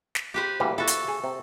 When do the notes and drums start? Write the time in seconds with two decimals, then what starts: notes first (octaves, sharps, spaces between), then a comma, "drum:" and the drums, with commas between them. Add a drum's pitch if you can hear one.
0.15 drum: snare
0.34 G4 B4 C5
0.60 D2 A#2 E3 G3
0.78 E4 F#4 A4
0.87 drum: hi-hat
1.08 G#4
1.24 C3